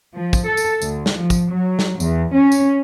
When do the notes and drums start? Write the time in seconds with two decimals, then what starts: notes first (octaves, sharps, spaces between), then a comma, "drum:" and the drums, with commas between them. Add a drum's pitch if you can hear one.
0.14 F3
0.33 drum: kick, tambourine
0.46 A4
0.57 drum: tambourine
0.82 D2, drum: tambourine
1.06 drum: snare
1.15 F3
1.30 drum: kick, tambourine
1.50 F#3
1.79 drum: snare
2.00 E2, drum: tambourine
2.34 C#4
2.52 drum: tambourine